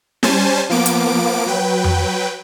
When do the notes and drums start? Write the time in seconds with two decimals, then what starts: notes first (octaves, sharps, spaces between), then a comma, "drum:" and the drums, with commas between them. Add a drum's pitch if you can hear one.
0.23 G3 C#4 C5 G#5 A5, drum: snare
0.69 F3 A#3 B3 D6 D7
0.86 drum: hi-hat
1.46 F#3 B4 G5
1.84 drum: tom F2